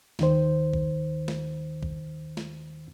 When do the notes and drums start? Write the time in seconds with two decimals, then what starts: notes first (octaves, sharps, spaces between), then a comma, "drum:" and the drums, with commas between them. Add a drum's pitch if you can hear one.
0.19 D#2 D#3 C5, drum: snare
0.73 drum: kick
1.28 drum: snare
1.83 drum: kick
2.37 drum: snare